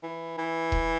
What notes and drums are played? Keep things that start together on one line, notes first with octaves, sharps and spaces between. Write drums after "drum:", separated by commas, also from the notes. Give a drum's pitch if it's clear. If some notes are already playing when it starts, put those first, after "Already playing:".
E3
E3
drum: kick E1